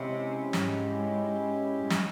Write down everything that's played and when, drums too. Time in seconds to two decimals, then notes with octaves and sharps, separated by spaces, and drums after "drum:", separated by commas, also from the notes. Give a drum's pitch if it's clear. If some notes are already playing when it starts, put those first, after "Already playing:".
Already playing: C3 G#3 C#4 E4 G4
0.53 G#2, drum: snare
1.80 G#2
1.90 drum: snare